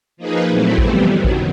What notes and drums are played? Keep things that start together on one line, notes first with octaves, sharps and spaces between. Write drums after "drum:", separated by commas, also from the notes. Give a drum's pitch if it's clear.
F3 A#3 D#4 G#4 B4
A#2 F#3 A3 C4 E4
F2 C3 E3 G3 B3, drum: kick A1
F#2 D#3 F#3
drum: kick A1